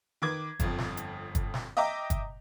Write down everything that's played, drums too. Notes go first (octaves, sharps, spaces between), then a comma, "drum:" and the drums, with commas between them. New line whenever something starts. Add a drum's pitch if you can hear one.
D#3 B4 D6 G#6
G1 F2, drum: kick, hi-hat
drum: snare
drum: hi-hat
drum: kick, hi-hat
drum: snare
D#5 E5 G5 A#5 D6
drum: kick, hi-hat